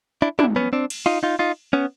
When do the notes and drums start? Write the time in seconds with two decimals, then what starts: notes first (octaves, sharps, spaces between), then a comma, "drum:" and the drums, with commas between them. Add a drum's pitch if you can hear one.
0.22 D4 E4
0.39 D4 E4, drum: tom
0.56 B3 C#4
0.73 C4 D4
0.90 drum: cymbal
1.06 D#4 F4
1.23 D#4 F4
1.39 D#4 F4
1.73 B3 C#4